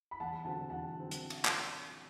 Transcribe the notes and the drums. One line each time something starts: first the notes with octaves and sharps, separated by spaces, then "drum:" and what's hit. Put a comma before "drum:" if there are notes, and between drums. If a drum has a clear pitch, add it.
B5
E2 F#5 A5
D3 F#3 C4 F#5 A5
E2 F#5 A5
D3 F#3 C4
drum: hi-hat
drum: cymbal
drum: clap